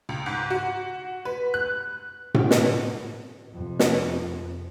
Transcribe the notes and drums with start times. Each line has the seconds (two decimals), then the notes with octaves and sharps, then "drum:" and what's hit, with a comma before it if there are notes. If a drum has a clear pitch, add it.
0.09 C#2
0.26 G#2
0.50 F#4
1.25 B4
1.54 F#6
2.34 drum: tom A2
2.51 drum: snare
3.53 F2 C3
3.79 drum: snare